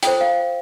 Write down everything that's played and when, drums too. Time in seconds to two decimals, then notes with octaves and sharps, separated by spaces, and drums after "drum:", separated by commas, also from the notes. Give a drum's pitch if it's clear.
0.03 F4 A4 C5 G5, drum: hi-hat
0.21 F5